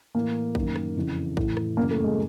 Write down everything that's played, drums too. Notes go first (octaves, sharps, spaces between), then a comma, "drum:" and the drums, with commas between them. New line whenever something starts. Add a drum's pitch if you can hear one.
A2 E3 A#3
F#2 D#3, drum: kick
drum: rim click
F2 C#3 E3
A2 E3, drum: kick
drum: rim click
F#2 C#3 E3 A#3
A3
G#3